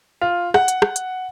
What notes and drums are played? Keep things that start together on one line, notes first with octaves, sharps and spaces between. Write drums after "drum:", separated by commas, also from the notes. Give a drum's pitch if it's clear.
F4
F#5, drum: rim click
drum: hi-hat
drum: rim click
drum: hi-hat